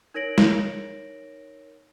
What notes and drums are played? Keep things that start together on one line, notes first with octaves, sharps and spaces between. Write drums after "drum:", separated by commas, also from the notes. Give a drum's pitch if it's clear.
D#4 A#4 C#5 A#6 D7 F#7
drum: snare